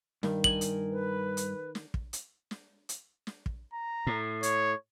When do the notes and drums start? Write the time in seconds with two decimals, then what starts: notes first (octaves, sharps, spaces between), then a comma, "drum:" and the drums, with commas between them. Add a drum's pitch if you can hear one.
0.23 G2 D#3, drum: snare
0.44 A#4 D#5 G#5 F#7, drum: kick
0.61 drum: hi-hat
0.90 B4
1.37 drum: hi-hat
1.75 drum: snare
1.94 drum: kick
2.13 drum: hi-hat
2.51 drum: snare
2.89 drum: hi-hat
3.27 drum: snare
3.46 drum: kick
3.73 A#5
4.07 A2
4.43 C#5, drum: hi-hat